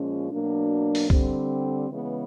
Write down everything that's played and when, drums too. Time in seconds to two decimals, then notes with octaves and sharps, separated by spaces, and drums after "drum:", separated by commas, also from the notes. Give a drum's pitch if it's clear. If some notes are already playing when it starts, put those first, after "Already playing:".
Already playing: A#2 F3 G#3 C#4
0.32 B2 F#3 A#3 D4
0.95 drum: open hi-hat
1.10 D3 G3 C4, drum: kick B1
1.90 C#3 E3 G#3 B3